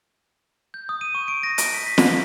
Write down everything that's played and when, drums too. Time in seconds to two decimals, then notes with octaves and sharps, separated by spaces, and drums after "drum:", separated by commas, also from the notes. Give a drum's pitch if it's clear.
0.74 G6
0.89 D#6
1.01 D#7
1.15 C#6
1.28 D7
1.43 A#6
1.58 D7, drum: hi-hat
1.74 B6
1.87 B6
1.98 drum: snare
2.08 B6